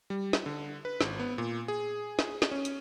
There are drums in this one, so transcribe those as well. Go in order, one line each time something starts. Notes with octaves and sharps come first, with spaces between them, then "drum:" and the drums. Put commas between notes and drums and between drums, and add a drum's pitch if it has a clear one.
G3
drum: snare
D3
B4
G#1, drum: snare
B3
A#2
G#4
drum: snare
drum: snare
C#4
drum: hi-hat